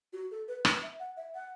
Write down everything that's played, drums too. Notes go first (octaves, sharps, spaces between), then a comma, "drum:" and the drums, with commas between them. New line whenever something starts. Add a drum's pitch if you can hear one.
F#4
A4
B4
B4, drum: rim click
E5
F#5
E5
F#5